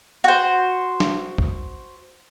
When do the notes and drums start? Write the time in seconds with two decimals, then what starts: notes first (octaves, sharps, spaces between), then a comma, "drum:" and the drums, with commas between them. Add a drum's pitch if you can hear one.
0.24 F#4 C5
1.00 drum: snare
1.38 drum: kick